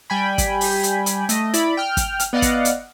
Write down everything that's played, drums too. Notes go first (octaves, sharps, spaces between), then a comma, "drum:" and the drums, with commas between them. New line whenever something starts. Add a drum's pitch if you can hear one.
G3 G5 G#5 B5
drum: kick, hi-hat
drum: open hi-hat
drum: hi-hat
drum: hi-hat
A3 D#5, drum: hi-hat
E4 D5 B5, drum: hi-hat
G5 F6
drum: kick, hi-hat
drum: hi-hat
B3 D5 D#5 F5 F#5
drum: kick, hi-hat
drum: hi-hat